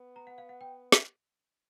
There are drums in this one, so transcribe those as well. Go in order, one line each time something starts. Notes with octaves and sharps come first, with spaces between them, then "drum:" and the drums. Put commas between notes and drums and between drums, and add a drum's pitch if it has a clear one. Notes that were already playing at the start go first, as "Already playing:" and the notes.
Already playing: B3
A#5
F#5
F5
F#5
G5
drum: snare